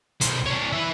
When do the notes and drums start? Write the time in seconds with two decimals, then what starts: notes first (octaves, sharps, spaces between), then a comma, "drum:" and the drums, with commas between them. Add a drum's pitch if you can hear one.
0.21 B1 C5, drum: hi-hat
0.46 D4 C#5
0.73 B4 E5